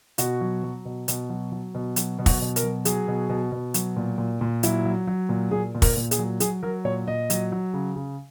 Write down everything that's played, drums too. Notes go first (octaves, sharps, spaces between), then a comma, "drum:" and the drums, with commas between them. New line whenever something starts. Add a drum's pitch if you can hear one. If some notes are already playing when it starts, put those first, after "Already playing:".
B2 F#4, drum: hi-hat
F#3
F#3
B2
B2, drum: hi-hat
F#3
F#3
B2
F#3, drum: hi-hat
B2
F#4, drum: kick, open hi-hat
B2
A#4, drum: hi-hat
F#3
F#3 G#4, drum: hi-hat
B2
B2
B2
F#3, drum: hi-hat
A#2
A#2
A#2
F#3 E4, drum: hi-hat
F#3
F#3
A#2
A#2 G#4
A#2
A#4, drum: kick, open hi-hat
A#2
G#4, drum: hi-hat
F#3
F#3 G#4, drum: hi-hat
F#3 A#4
A#2 C#5
A#2 D#5
F#3, drum: hi-hat
F#3
C#3
C#3